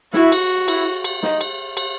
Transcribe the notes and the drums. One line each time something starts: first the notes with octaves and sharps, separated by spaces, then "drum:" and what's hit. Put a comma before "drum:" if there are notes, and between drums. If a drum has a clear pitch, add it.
E4 F#4, drum: snare
drum: cymbal
E4, drum: cymbal
drum: cymbal
D#4, drum: snare
drum: cymbal
drum: cymbal